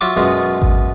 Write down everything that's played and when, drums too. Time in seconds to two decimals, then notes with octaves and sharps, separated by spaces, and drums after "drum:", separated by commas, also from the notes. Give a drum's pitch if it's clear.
0.01 F#3 F4 E5 D6
0.17 F#2 B2 G#3 B3 F4
0.62 drum: kick G#1